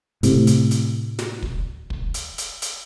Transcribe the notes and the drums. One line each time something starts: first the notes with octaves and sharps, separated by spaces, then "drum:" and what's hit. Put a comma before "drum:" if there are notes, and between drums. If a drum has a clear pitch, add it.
A2 C3, drum: hi-hat
drum: hi-hat
drum: hi-hat
drum: snare
drum: kick
drum: kick
drum: hi-hat
drum: hi-hat
drum: hi-hat